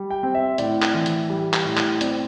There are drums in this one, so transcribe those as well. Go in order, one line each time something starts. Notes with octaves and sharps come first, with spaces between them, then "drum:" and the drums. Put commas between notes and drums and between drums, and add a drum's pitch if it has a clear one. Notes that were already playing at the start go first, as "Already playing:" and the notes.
Already playing: G3
G5
C4
E5
A2 D5, drum: hi-hat
drum: clap
E3
drum: hi-hat
G3
drum: clap
A2
drum: clap
C4 D5, drum: hi-hat